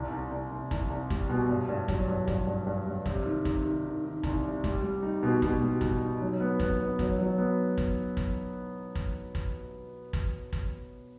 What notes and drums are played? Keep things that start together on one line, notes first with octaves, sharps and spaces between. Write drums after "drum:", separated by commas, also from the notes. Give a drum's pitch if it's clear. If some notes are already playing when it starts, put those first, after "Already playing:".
Already playing: C2
C2
C2
C2
C2, drum: kick
C2
G3, drum: kick
B2
G2
G2
F#3, drum: kick
G2
G2, drum: kick
G2
G2
G2
C3, drum: kick
D#3
C3, drum: kick
D#3
D#3
D#3
C2, drum: kick
C3
G3, drum: kick
G3
D#4
B2
B2, drum: kick
G3
D#4, drum: kick
D#4
F#3
B3
B3, drum: kick
B3
F#3, drum: kick
F#3
B3
drum: kick
drum: kick
drum: kick
drum: kick
drum: kick
drum: kick